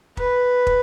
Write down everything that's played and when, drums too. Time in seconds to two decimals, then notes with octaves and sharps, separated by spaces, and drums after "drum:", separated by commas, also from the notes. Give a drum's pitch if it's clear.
0.17 B4, drum: kick
0.67 drum: kick